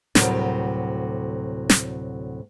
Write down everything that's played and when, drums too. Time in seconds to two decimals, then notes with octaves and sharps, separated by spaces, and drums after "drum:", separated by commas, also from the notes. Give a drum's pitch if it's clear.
0.15 D2 A2 C3 F#3 G3 A#4, drum: snare
1.70 drum: snare